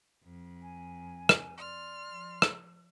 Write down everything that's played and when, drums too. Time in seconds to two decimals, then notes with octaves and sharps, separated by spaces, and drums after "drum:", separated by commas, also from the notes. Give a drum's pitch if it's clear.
0.24 F2
0.61 G#5
1.29 drum: rim click
1.57 D5 C6 F6
2.08 F3
2.42 drum: rim click